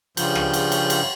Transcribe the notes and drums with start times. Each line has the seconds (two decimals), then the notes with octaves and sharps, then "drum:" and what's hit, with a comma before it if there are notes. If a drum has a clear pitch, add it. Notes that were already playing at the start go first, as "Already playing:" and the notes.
0.17 G2 C#3 F3 G6, drum: cymbal
0.35 drum: rim click
0.54 drum: cymbal
0.72 drum: cymbal
0.90 drum: cymbal